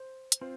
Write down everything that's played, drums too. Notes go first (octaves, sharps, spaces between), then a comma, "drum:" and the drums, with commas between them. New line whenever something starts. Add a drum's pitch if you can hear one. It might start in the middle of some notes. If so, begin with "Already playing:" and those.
Already playing: C5
drum: hi-hat
C4 F4 C5